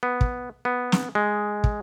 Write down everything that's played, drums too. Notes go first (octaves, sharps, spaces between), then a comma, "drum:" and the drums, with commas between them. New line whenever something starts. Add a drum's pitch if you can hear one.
B3
drum: kick
B3
drum: snare
G#3
drum: kick